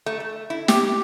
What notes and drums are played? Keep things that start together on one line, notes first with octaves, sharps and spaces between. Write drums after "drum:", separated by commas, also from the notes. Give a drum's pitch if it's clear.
A3
A3
E4
G4, drum: snare